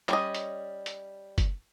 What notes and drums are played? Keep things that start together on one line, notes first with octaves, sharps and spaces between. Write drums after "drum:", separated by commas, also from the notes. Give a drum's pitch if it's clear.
G3 C#4 D#5, drum: clap
drum: hi-hat
drum: hi-hat
drum: kick F#1, hi-hat